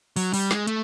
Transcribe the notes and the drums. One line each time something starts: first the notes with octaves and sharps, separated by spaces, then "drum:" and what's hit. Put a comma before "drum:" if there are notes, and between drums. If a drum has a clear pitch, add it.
F#3, drum: open hi-hat
G3, drum: open hi-hat
G#3, drum: snare
A3, drum: hi-hat